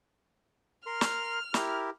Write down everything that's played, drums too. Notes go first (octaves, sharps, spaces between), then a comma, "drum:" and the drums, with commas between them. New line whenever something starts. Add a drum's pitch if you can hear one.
A#4 C6 F6
drum: snare
E4 G4 A#4, drum: snare